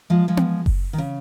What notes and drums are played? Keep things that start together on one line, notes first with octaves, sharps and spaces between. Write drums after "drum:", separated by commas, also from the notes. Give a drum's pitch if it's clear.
F3 G#3
F3 G#3
drum: tom B3
drum: kick F#1
D#3
C#3